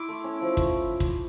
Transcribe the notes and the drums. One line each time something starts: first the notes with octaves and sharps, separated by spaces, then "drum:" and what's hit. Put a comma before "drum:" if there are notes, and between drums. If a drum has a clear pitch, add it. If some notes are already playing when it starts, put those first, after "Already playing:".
Already playing: E4 C6 D6
A3
C#4
F3
drum: kick
drum: kick